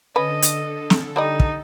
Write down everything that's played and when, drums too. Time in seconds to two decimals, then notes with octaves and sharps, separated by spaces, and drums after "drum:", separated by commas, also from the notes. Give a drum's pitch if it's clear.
0.16 D3 C#4 A4 B4 D#5
0.42 drum: hi-hat
0.90 drum: snare
1.16 G3 D#4 D5 D#5
1.40 drum: kick